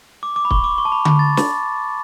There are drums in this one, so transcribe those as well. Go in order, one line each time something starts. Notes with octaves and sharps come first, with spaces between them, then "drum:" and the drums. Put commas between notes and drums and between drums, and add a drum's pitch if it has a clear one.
D6
D6
B5
C#6, drum: kick
D6
C#6
A5
B5
B5, drum: tom D3
A6
drum: snare